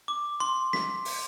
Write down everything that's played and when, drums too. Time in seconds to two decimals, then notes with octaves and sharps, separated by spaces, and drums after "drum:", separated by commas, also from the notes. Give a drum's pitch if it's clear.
0.08 D6
0.40 C6
0.73 B6, drum: snare
1.05 drum: open hi-hat